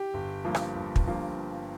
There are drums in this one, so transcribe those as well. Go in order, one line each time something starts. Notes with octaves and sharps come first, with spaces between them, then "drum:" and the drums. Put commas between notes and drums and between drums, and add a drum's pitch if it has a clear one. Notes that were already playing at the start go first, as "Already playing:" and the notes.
Already playing: G4
G1
G2 F3 A#3
drum: rim click
G1
drum: kick
G2 F3 A#3